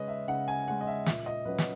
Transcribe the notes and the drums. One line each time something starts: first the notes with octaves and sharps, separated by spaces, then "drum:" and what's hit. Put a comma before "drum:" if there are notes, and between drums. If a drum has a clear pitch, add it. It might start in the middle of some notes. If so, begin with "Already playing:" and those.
Already playing: C#3 G#3 C#4 B4 D#5
E5
C#3 F#5
G#5
G#3 C#4 F#5
D#5
E5
A#2 E5, drum: snare
D#5
F#3 C#4 B4
drum: snare